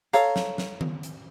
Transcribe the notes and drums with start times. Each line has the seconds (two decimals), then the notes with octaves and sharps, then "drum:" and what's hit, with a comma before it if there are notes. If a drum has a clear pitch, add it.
0.13 A4 C#5 F5 A#5, drum: hi-hat
0.36 drum: snare
0.58 drum: snare
0.81 drum: tom D#3
1.03 drum: hi-hat